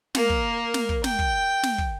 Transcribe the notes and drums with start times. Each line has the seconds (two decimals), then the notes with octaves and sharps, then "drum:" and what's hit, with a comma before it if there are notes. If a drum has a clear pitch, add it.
0.15 A#3 A#4, drum: snare
0.29 drum: kick
0.74 drum: snare
0.89 drum: kick
1.04 G5, drum: snare
1.19 drum: kick
1.63 drum: snare
1.78 drum: kick